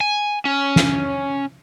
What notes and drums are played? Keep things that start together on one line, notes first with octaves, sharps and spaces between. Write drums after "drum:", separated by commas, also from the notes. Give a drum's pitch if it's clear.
G#5
C#4
drum: snare